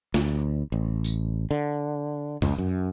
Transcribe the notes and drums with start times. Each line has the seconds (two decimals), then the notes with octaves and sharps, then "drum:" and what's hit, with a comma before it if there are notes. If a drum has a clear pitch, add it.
0.14 D2, drum: snare
0.72 A1
1.04 drum: tambourine
1.51 D3
2.42 C#2, drum: tom F2
2.58 F#2